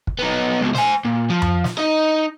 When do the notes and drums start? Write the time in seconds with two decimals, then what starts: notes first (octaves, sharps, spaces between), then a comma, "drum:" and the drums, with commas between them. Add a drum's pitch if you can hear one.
0.07 drum: kick
0.19 B3 D#4
0.61 C#2 B2
0.75 C5 G#5, drum: snare
1.05 A#2
1.30 F3
1.42 drum: tom F2
1.64 drum: snare
1.78 D#4 D#5